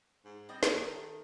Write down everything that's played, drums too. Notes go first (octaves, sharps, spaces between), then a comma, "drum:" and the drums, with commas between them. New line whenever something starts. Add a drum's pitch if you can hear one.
G#2
G3 C4 D#5
A3 A#3 D#6, drum: snare
D#3